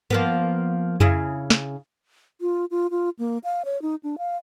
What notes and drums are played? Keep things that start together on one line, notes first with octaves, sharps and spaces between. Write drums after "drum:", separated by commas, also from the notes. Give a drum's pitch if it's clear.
F3 A#3 B3, drum: tom G2
C#3 E4 G#4, drum: tom F2
drum: snare
F4
F4
F4
A#3
F5
C#5
D#4
D4
F5